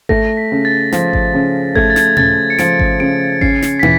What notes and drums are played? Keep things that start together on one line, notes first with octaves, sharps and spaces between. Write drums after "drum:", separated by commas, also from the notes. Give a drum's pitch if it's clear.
A3 A#6, drum: kick G#1
B6
C#3
A6
F3, drum: snare
drum: kick G#1
C#3
A3 G#6, drum: kick G#1
A6
G#6, drum: snare
C#3 A6, drum: tom
C#7
F3 D7, drum: snare
drum: kick G#1
C#3 D7
C#4 C7, drum: kick G#1
drum: snare
B6
E3, drum: tom